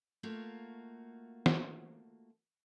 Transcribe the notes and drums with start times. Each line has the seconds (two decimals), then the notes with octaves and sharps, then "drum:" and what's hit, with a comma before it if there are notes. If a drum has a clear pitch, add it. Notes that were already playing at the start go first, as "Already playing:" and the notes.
0.23 A3 A#3 F4 F#4
1.46 drum: snare